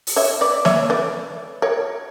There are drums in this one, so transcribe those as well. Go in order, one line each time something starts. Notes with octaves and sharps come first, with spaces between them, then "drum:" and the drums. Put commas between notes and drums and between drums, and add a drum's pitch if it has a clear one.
drum: open hi-hat
C#5 E5
B4 D5
C#5 E5, drum: snare A#3
B4 D5
A#4 C#5